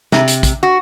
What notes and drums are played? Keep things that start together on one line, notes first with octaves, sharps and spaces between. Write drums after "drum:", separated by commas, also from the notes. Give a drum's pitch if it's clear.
C3, drum: snare
drum: hi-hat
drum: kick, hi-hat
F#4